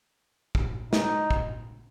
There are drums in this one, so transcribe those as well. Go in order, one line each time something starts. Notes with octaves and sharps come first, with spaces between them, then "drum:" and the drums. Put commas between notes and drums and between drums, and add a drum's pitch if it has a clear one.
drum: kick
D#4, drum: snare
drum: kick